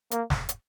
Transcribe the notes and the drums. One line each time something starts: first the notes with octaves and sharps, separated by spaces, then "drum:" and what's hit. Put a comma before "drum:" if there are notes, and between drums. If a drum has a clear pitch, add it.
A#3, drum: hi-hat
drum: snare
drum: hi-hat